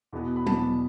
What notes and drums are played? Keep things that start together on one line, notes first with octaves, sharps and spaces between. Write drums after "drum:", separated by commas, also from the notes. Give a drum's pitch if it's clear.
E2 B2 B3
B5
E2 B2 B3 A5, drum: tom F#3